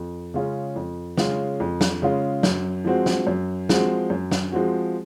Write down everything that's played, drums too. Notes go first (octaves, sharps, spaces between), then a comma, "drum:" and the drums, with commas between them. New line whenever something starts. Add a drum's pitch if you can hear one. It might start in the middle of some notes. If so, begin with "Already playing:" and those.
Already playing: F2
C#3 G#3 C#4 F4
F2
C#3 G#3 C#4 F4, drum: snare
F2
drum: snare
C#3 G#3 C#4 F4
F#2, drum: snare
F3 G#3 C4 F#4
drum: snare
F#2
F3 G#3 C4 F#4, drum: snare
F#2
drum: snare
F3 G#3 C4 F#4